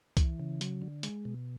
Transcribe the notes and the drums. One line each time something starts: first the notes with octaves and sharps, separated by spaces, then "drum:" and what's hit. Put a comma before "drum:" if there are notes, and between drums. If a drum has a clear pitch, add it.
E3, drum: kick C2, hi-hat
C#3
F#3, drum: hi-hat
D3
G#3, drum: hi-hat
B2